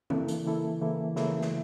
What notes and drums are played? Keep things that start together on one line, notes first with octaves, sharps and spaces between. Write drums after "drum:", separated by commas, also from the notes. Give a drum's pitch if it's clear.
C#3 E3 A#3 E4 A4, drum: tom
drum: hi-hat
C#3 E3 A#3 E4 A4
C#3 E3 A#3 E4 A4
C#3 E3 A#3 E4 A4, drum: snare
drum: snare